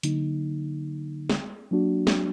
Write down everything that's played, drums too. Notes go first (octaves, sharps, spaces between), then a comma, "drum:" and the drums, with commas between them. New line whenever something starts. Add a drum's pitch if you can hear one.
D3 F#3 A#3 D#4, drum: hi-hat
drum: snare
F#3 A#3 D4 F#4
drum: snare